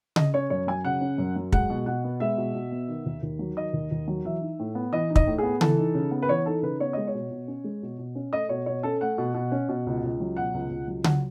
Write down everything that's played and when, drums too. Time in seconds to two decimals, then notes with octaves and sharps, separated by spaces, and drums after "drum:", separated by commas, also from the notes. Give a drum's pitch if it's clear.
0.16 C#3 D#5, drum: tom C#3
0.34 C#4 C#5
0.50 F#2 C#5
0.67 F#3 G#5
0.85 C#3 F#5
1.01 C#4
1.18 F#2
1.36 F#3
1.52 G#3 F#5, drum: kick
1.70 B2
1.86 B2 F#5
2.04 B3
2.20 G#3 E5
2.38 B2
2.54 B2
2.71 B3
2.88 D#3
3.06 D#2
3.22 D#2
3.39 F#3
3.56 D#3 D#5
3.73 D#2
3.91 D#2
4.08 F#3
4.24 E3 E5
4.41 D#4
4.59 A2
4.75 B3
4.93 E3 D#5
5.10 D#4
5.16 D#5, drum: kick
5.27 A2
5.38 B3 G#4
5.61 E3 A4, drum: tom C#3
5.78 D#4
5.94 C#3
6.11 B3
6.22 B4
6.28 E3 C#5
6.45 D#4 A4
6.62 C#3 B4
6.80 B3 C#5
6.93 G#3 D#5
7.07 C#5
7.14 B2
7.31 B2
7.48 C#4
7.64 G#3
7.82 B2
7.99 B2
8.15 C#4
8.32 A3 D#5
8.49 B2 C#5
8.66 B2 C#5
8.83 C#4 A4
9.01 A3 F#5
9.18 B2
9.34 B2
9.52 C#4
9.69 B2
9.86 C#2
10.03 C#2
10.20 F#3
10.37 B2 F#5
10.54 C#2
10.70 C#2
10.88 F#3
11.04 F#3 F#5, drum: tom C#3